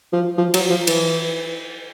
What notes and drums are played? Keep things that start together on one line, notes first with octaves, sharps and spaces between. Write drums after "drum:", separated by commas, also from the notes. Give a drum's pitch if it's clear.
F3
F3
F#3, drum: cymbal
F3
E3, drum: cymbal